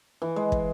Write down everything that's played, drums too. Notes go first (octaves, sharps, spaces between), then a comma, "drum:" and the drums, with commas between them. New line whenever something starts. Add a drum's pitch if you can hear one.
E3
G#3
drum: kick